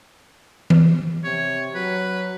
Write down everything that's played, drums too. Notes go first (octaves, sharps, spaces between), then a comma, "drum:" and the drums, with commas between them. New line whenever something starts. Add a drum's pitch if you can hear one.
drum: tom E3
C3 C#5
F#3 B4